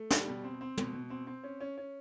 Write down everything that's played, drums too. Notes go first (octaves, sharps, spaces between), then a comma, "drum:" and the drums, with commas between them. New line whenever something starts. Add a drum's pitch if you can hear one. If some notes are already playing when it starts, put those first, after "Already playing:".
Already playing: A3
G3, drum: snare
B2
C4
C4
B2, drum: tom
B2
C4
C4
C#4
C#4
C#4